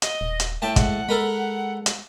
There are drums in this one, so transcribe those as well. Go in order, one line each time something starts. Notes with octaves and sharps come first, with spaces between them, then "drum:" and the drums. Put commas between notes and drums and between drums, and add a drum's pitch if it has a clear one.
D#5, drum: hi-hat
D#1
drum: hi-hat
A2 G5 A5
G#3 F#5, drum: kick, hi-hat
G#3 A4 A#4 B5
drum: hi-hat